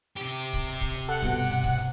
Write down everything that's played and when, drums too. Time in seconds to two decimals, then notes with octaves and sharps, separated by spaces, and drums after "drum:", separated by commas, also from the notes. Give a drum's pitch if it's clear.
0.17 C3 G4
0.53 drum: kick C#1
0.67 drum: hi-hat
0.81 drum: kick C#1
0.95 drum: hi-hat
1.09 A4 F#5
1.22 G2 B2, drum: kick C#1, hi-hat
1.50 drum: hi-hat
1.64 drum: kick C#1
1.78 drum: hi-hat